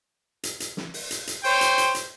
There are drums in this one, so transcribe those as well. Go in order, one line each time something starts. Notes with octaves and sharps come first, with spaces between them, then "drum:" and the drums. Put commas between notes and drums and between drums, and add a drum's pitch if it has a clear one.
drum: hi-hat
drum: hi-hat
drum: snare
drum: open hi-hat
drum: hi-hat
drum: hi-hat
C5 C#5 G5, drum: open hi-hat
drum: hi-hat
drum: hi-hat
drum: hi-hat